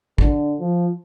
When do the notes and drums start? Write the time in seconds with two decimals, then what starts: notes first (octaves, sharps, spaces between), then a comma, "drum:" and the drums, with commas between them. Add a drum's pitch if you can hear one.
0.18 D3, drum: kick
0.60 F3